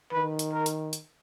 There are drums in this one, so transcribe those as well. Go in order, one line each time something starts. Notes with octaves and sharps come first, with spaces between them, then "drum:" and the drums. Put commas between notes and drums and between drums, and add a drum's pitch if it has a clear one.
D#3 B4
drum: hi-hat
A#4
drum: hi-hat
drum: hi-hat